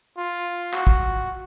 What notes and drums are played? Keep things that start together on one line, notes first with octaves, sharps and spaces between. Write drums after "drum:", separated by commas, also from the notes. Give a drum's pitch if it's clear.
F4
F#4, drum: clap
drum: kick